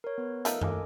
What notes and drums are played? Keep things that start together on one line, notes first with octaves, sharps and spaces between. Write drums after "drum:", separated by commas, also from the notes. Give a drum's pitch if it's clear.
A#4 C#5
B3 B4
F3 A3 D#4 A4 A#4, drum: hi-hat
D#5 G#5 D6, drum: tom F#2